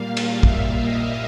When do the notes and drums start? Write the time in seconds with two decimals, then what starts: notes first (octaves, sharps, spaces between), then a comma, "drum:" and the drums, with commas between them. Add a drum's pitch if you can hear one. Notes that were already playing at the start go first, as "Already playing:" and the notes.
Already playing: A#2 G3 A#3 F5
0.17 drum: cymbal
0.43 E5, drum: kick
0.76 D#5